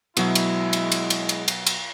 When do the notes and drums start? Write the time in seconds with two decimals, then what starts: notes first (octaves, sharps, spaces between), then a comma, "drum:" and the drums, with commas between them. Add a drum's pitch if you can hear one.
0.17 B2 F#3 G#3 E4, drum: cymbal
0.35 drum: cymbal
0.73 drum: cymbal
0.92 drum: cymbal
1.10 drum: cymbal
1.29 drum: cymbal
1.48 drum: cymbal
1.67 drum: cymbal